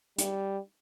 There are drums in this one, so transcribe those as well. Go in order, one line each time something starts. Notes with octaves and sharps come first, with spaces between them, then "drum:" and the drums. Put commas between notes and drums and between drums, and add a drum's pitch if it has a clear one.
G3, drum: hi-hat